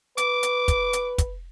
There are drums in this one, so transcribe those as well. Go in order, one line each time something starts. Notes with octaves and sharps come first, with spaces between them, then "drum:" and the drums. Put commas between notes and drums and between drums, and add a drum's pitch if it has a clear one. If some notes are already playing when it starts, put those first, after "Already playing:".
B4 D6, drum: hi-hat
drum: hi-hat
drum: kick, hi-hat
drum: hi-hat
drum: kick, hi-hat